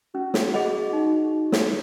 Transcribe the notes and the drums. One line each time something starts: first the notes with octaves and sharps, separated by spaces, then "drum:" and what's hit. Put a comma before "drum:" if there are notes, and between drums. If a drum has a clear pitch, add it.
C#4 F#4
drum: snare
G#4 D#5 F#5 B5
D#4
drum: snare